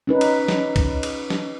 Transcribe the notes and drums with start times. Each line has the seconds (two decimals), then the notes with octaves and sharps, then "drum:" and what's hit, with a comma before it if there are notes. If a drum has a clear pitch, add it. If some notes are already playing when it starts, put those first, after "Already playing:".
0.07 C#4 D#4 B4
0.21 drum: cymbal
0.48 drum: snare
0.76 drum: kick, cymbal
1.03 drum: cymbal
1.30 drum: snare